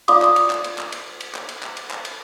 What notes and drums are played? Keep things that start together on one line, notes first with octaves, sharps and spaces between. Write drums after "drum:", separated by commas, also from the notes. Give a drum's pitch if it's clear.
F4 D5 F5 C6 D6 D#6, drum: cymbal
drum: clap
drum: cymbal
drum: clap
drum: cymbal
drum: clap
drum: cymbal
drum: cymbal
drum: clap
drum: cymbal
drum: clap
drum: cymbal
drum: clap
drum: cymbal